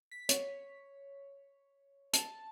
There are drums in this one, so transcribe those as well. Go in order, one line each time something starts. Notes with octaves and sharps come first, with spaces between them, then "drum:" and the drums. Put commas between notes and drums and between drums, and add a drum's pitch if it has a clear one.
B6
C#5, drum: hi-hat
A5, drum: hi-hat